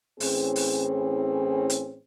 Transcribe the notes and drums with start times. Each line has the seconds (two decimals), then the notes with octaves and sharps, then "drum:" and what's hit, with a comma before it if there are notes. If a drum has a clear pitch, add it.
0.20 A2 E3 C4 C#4 G#4, drum: open hi-hat
0.56 drum: open hi-hat
1.70 drum: hi-hat